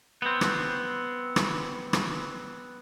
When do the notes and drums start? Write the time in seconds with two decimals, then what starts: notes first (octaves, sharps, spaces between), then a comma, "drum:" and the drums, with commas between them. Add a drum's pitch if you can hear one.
0.22 B3 C4
0.41 drum: rim click
1.36 drum: rim click
1.93 drum: rim click